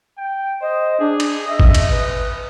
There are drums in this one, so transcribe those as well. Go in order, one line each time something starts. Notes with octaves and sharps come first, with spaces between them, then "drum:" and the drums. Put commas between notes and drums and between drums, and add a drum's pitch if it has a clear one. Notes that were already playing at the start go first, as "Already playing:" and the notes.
G5
C5 D#5
D4 G#4
drum: cymbal
D#5 E5
drum: kick G#1
drum: cymbal
B4